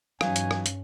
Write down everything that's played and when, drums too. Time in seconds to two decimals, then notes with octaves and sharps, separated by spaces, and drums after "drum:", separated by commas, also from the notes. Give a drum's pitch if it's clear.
0.21 G2 E3 F#3 C#4 D#4 F5 G#5, drum: rim click
0.36 drum: hi-hat
0.51 drum: rim click
0.66 drum: hi-hat